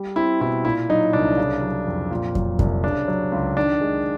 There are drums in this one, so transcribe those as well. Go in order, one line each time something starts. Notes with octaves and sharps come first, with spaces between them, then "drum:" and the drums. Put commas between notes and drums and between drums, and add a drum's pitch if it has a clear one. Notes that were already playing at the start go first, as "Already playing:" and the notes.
Already playing: G3
C4 E4
B2 E4
A#2 E4
F#3 D#4
C2 D4
C#3
F#3
F2
A#2
F#3, drum: kick F2
C2, drum: kick F2
C#3 D4
F#3
C#2
D#3 D4
G#3